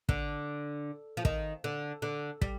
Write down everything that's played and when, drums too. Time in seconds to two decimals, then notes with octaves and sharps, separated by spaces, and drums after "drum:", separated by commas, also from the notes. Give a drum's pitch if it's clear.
0.09 D3, drum: kick
1.17 F3
1.25 D#3, drum: kick
1.64 D3
2.02 D3
2.42 G3, drum: kick